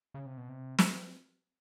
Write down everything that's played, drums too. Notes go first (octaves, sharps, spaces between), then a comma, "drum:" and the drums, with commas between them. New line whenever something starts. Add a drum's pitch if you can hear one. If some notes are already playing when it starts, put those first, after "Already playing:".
C#3
C3
B2
C3
drum: snare